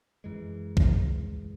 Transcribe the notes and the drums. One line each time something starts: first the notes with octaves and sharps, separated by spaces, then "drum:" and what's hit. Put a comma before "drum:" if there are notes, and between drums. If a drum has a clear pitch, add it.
F#2 E3 G#3
drum: kick